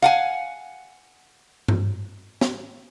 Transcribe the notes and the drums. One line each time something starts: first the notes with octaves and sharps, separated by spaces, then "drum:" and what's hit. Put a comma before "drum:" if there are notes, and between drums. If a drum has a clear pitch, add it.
F5 F#5 G#5
drum: tom G2
drum: snare